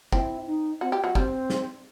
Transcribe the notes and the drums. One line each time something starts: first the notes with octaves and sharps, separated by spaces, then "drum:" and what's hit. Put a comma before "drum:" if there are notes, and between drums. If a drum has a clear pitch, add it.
C4 E4, drum: kick
D#4
C4 F#4
G4
F#3 F#4
G3 C4, drum: kick
drum: snare